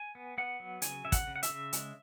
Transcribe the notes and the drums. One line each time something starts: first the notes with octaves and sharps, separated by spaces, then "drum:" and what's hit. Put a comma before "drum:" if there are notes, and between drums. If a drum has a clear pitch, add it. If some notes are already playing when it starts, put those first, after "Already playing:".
Already playing: G#5
B3
B3 F#5
F#3
C#3 G#5, drum: hi-hat
C#3 E5
F#5, drum: kick, hi-hat
C#3
F#5
E5, drum: hi-hat
C#3
G#3, drum: hi-hat